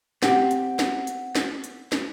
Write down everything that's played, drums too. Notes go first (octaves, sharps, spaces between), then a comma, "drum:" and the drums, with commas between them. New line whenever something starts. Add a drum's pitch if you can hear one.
C4 G4 F#5, drum: snare
drum: hi-hat
drum: snare
drum: hi-hat
drum: snare
drum: hi-hat
drum: snare